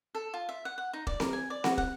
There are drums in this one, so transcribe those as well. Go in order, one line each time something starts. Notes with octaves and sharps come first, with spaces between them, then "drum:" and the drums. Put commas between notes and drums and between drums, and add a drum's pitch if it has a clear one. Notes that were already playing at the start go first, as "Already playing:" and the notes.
A4
F4
E5
F#5
F#5
D#4
D5, drum: kick
A#4, drum: snare C4
G#5
D5
F#4, drum: snare C4
F#5, drum: kick